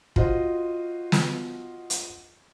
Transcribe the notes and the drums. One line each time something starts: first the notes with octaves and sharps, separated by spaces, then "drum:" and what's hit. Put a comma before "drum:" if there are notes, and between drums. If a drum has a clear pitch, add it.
F4 F#4 C5 D#5, drum: kick
drum: snare
drum: hi-hat